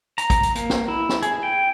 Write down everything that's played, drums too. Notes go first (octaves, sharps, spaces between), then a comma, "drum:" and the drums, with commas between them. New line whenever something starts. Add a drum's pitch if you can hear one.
A#5, drum: hi-hat
drum: kick, hi-hat
drum: hi-hat
A#3, drum: hi-hat
drum: snare
E4
drum: snare
G#4, drum: hi-hat
G5